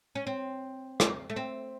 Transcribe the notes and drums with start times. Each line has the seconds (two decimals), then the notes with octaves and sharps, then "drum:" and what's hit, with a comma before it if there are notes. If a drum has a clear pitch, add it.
0.15 C#4
0.27 C4
1.00 drum: rim click
1.30 A3
1.36 C4